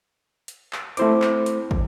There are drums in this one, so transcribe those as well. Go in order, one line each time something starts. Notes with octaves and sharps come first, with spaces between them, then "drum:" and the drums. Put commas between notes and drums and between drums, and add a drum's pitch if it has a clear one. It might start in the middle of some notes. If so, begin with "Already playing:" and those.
drum: hi-hat
drum: clap
A3 C4 E4 C5 D6, drum: hi-hat
drum: clap
drum: hi-hat
drum: kick